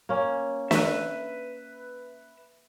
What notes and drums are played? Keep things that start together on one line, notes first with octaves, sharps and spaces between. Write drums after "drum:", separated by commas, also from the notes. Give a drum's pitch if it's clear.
A#3 C#4
B4 E5, drum: snare